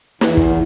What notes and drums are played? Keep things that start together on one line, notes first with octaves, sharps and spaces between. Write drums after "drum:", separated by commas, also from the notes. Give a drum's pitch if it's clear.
E2, drum: snare
drum: kick